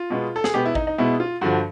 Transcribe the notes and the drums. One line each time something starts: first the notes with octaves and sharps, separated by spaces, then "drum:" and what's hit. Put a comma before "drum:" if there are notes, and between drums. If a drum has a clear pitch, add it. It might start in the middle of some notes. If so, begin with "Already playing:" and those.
Already playing: F4
B2 G#3 B3
A4
G#4, drum: snare
B2 G#3 B3 G4
E4
D#4, drum: kick A1
D#4
B2 G#3 B3 E4
F4
G2 D3 F3 F#4